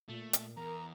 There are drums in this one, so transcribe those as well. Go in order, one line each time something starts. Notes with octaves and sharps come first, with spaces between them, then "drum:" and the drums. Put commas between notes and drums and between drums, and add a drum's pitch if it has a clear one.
A#2 A3
drum: hi-hat
E2 A#4 A#5